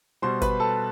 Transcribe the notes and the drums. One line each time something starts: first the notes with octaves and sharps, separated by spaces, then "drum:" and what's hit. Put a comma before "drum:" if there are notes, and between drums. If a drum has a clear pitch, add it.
B2 G3 C5 C6
B4 B5, drum: kick G1, hi-hat
A4 A5